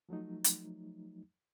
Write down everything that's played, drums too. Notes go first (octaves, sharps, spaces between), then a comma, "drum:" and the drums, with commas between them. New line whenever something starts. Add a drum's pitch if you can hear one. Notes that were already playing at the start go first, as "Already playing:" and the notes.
F3 F#3 A3 D#4
drum: hi-hat